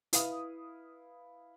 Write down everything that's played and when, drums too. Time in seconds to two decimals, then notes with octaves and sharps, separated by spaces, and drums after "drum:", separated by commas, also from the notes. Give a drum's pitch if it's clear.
0.13 E4 B4 F5 D#6, drum: hi-hat